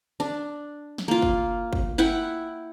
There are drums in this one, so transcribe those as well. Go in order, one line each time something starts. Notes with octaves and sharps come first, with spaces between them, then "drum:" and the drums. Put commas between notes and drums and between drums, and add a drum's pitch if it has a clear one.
D4
drum: snare
A#3 F4
drum: kick
drum: kick
E4 F#5 G5